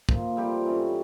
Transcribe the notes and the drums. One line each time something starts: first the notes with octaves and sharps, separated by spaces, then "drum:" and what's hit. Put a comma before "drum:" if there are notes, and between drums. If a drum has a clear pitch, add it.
A#2 F3 A#3 D#4, drum: kick
A#2 F3 G3 A3 C4 G4
G2 E3 A3 C#4